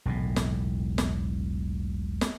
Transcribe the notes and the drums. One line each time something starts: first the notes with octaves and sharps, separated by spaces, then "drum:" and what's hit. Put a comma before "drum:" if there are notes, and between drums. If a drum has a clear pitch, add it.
E1 B1 A2
drum: snare
drum: snare
drum: snare